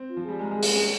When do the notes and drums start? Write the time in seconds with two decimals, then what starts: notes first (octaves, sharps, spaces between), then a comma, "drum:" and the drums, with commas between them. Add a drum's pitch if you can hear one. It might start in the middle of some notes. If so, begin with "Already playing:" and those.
Already playing: C4
0.09 F4
0.17 F3
0.24 G3 G#4
0.39 G#3 A#4
0.51 G#3 G#4
0.63 A#3, drum: open hi-hat
0.71 C#4 G#4